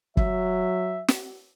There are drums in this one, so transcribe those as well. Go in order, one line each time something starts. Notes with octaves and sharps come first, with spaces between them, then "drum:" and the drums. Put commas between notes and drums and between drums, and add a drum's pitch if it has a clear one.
F#3 E5, drum: kick
drum: snare